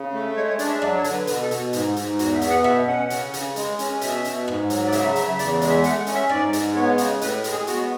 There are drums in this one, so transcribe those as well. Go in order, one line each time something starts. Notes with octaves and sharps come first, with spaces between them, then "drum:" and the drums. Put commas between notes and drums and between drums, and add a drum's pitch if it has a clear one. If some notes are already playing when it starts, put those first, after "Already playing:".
Already playing: C#3
A3
G#3 C#5
C#5
D4 D5, drum: hi-hat
E5
F#3 D5, drum: rim click
C#5
D3, drum: hi-hat
B4
B2 B4, drum: hi-hat
A4
B2, drum: hi-hat
G#2, drum: hi-hat
G#2, drum: hi-hat
E2 F#4, drum: hi-hat
E5
B3, drum: hi-hat
F#5
B2 E5, drum: rim click
C#4 F#5
C#3, drum: hi-hat
C#3, drum: hi-hat
G#3, drum: hi-hat
C#4, drum: hi-hat
B2 E5, drum: hi-hat
B2, drum: hi-hat
G#2, drum: rim click
F#3, drum: hi-hat
D5
C#3 E5, drum: hi-hat
E5
C#3 E5, drum: hi-hat
E5
E2 D5, drum: hi-hat
G#3, drum: hi-hat
E5
A3 F#5, drum: hi-hat
F#5
C#4, drum: hi-hat
E5
G#2 D5, drum: rim click
G#3, drum: hi-hat
B3 C#5
C#3, drum: hi-hat
A2 B4, drum: hi-hat
G#3, drum: hi-hat
G#4
B3 F#4, drum: hi-hat